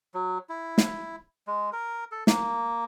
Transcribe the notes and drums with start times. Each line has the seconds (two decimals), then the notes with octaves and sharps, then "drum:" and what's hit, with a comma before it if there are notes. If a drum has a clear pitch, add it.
0.14 F#3
0.49 E4
0.78 drum: snare
1.47 G#3
1.73 A#4
2.12 A4
2.27 A#3, drum: snare